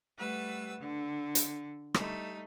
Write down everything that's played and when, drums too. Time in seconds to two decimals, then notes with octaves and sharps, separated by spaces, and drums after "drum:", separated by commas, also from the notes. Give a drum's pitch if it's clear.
0.18 G3 A3 B4 F#5 E6
0.79 D3
1.35 drum: hi-hat
1.94 G3 A3 D#4, drum: rim click